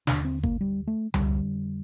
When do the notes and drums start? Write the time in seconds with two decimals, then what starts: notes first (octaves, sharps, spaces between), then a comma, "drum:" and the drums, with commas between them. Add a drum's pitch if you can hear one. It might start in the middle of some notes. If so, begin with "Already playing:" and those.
0.07 D#2 D3 D4, drum: snare
0.25 C4
0.43 A#3, drum: kick G1
0.61 G3
0.87 A3
1.14 F2 D3 G3, drum: tom C#2